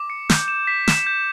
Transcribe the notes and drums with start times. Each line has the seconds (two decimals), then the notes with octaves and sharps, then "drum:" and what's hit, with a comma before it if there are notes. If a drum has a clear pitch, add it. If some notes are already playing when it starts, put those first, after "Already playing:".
Already playing: D6
0.10 C#7
0.30 G6, drum: snare
0.48 E7
0.67 B6
0.87 E7, drum: snare
1.06 G6